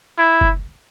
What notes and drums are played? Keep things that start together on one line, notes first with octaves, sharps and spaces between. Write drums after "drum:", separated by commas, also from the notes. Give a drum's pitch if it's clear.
E4
drum: kick